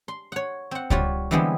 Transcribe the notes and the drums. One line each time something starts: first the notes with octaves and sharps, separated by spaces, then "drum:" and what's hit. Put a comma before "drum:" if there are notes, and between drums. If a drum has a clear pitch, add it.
C6
C#5 F#5
C4 F#5
G3 F4 F#4 C#5, drum: kick C#2
D3 E3 G3 G#3 B3 C4